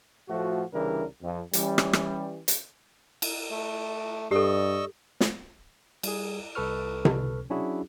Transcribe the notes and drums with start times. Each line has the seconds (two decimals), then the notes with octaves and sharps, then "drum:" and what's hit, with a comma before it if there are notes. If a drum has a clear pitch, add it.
0.28 A2 F3 A3 F#4
0.73 C2 C#3 E3 G3 D4 A#4
1.22 F2
1.53 E3 G3 C#4, drum: hi-hat
1.78 drum: rim click
1.93 drum: rim click
2.48 drum: hi-hat
3.22 drum: cymbal
3.51 A3
4.31 G2 G4 A4 D5 D#5 C#6 E6
5.20 drum: snare
6.03 G3 G#4, drum: cymbal
6.55 C2 A4 B4 C#6 F6
7.05 drum: tom C3
7.50 F#3 C#4 D4 E4 F#4 G#4